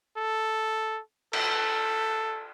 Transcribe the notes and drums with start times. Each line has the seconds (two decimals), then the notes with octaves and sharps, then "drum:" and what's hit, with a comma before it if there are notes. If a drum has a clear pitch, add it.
0.17 A4
1.33 A4, drum: cymbal